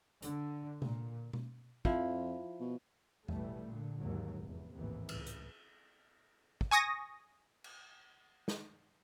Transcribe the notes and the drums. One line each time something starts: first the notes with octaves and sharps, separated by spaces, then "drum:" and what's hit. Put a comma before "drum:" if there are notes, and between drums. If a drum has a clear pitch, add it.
D3, drum: hi-hat
A#2, drum: tom C3
drum: tom B2
F2 F3 E4, drum: kick
B2
A1 B2 E3 G3 A3, drum: tom E2
A#2 D3
D#2 G#2 F#3
F1 E2
A1 D#2 G#2 C3 E3
C#2, drum: cymbal
drum: hi-hat
drum: kick
G#5 C#6 D#6 A#6
drum: cymbal
drum: snare